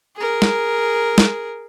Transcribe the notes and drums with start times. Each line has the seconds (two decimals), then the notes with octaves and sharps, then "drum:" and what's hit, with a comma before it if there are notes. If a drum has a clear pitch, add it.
0.16 G#4 A#4
0.42 drum: snare
1.18 drum: snare